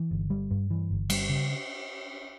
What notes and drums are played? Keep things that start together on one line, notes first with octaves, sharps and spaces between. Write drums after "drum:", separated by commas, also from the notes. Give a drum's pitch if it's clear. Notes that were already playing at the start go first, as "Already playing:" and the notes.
Already playing: E3
G1
G3
G2
E3
G1
G3, drum: cymbal
C#3